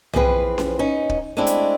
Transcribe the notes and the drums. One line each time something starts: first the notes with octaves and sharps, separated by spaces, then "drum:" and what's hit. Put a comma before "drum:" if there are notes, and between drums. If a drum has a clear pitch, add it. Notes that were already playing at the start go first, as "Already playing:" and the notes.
E3 F3 C4 G#4 B4, drum: tom
drum: snare C#4
C#4 D#4
drum: kick
G#3 A3 C4 D4 E4
drum: hi-hat